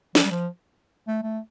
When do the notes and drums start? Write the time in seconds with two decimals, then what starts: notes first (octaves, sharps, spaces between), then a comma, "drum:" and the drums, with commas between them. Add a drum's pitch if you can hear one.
0.15 F3, drum: snare
0.24 G3
0.31 F3
1.08 A3
1.23 A3